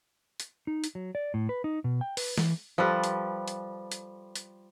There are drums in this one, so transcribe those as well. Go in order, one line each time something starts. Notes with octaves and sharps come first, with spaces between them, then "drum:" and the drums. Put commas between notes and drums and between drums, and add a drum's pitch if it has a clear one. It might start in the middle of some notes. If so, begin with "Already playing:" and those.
drum: hi-hat
D#4
drum: hi-hat
F#3
D5
A2
B4
D#4
B2
G5
B4, drum: open hi-hat
E3, drum: snare
F3 G3 A4 B4
drum: hi-hat
drum: hi-hat
drum: hi-hat
drum: hi-hat